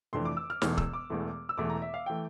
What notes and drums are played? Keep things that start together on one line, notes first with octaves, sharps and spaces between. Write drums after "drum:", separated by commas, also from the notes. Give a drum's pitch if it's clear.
F1 F2 E3 A3 D4 C6
D6
E6
F6
E1 E2 E3 A3 F6, drum: snare
E6, drum: kick
D6
E1 E2 E3 A3
E6
E1 E2 E3 A3 D6
A#5
E5
F5
E3 A3 G5